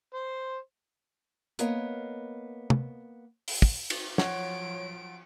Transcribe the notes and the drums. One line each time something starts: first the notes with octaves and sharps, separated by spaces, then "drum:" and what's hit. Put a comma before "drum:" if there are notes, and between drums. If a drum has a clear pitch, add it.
C5
A#3 B3 A#4 C#5 D#5, drum: hi-hat
drum: tom
drum: open hi-hat
drum: kick
drum: cymbal
F3 F#3 F4 C#5 F#5 D7, drum: snare